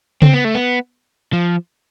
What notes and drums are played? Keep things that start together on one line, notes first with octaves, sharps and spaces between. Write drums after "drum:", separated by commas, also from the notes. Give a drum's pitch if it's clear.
C4, drum: tom C#3
B3
A3
B3
F3